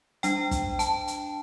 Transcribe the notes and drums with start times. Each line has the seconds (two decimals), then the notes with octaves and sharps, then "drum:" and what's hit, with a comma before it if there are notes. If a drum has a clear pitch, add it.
0.23 G3 D4 G5, drum: hi-hat
0.51 drum: kick, hi-hat
0.79 A5, drum: hi-hat
1.07 drum: hi-hat